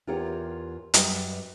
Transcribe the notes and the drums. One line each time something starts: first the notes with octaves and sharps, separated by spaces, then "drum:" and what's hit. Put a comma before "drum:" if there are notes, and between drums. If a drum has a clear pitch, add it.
E2 F4 G4 A#4 C#5 F#5
F#2 G3 F#4 B4 D#5, drum: hi-hat